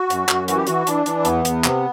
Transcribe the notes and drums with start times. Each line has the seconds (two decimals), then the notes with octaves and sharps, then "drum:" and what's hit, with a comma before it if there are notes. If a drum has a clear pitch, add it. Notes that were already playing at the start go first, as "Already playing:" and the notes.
Already playing: F#4
0.10 F#2, drum: hi-hat
0.29 F#2, drum: clap
0.48 E3 F#4, drum: hi-hat
0.57 G4
0.67 E3 F#4, drum: hi-hat
0.87 E3 D4, drum: hi-hat
1.06 E3, drum: hi-hat
1.25 E2 B3, drum: hi-hat
1.45 E2, drum: hi-hat
1.64 C3, drum: clap